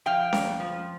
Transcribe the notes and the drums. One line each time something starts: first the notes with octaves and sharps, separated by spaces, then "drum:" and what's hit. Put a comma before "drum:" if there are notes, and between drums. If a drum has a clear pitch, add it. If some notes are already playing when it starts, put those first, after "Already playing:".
F3 F5 G5
F2, drum: snare C#4
F3